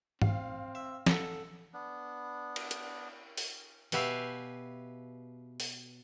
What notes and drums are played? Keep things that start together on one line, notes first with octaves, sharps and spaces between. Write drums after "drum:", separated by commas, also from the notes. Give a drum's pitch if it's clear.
C4 F5, drum: tom G#2
E5
A4 F#5, drum: snare
B3 D4
drum: cymbal
drum: hi-hat
drum: open hi-hat
B2 G4 B4 E5 F5 G#5, drum: open hi-hat
drum: open hi-hat